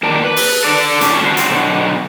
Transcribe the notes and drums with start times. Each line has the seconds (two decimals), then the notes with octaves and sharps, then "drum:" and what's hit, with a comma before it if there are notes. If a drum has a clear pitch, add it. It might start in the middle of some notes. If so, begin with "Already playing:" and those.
0.03 F2 D#3 A#3 D5 A5
0.24 B4
0.36 drum: open hi-hat
0.63 A4 D5
1.01 A2 C#4 D4, drum: hi-hat
1.21 A3 C4 F#4 C5
1.37 drum: hi-hat
1.50 B2 D3 F#3